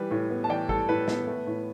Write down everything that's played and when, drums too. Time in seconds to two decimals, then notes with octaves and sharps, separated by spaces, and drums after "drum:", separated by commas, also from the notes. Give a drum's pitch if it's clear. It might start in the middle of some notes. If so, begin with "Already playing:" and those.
Already playing: E3 G3 B4
0.11 A2
0.31 B3
0.44 A5
0.50 E3 D5 G5
0.69 G3 A4, drum: kick
0.89 A2 B4
1.08 B3 B4, drum: snare
1.27 A3
1.47 A2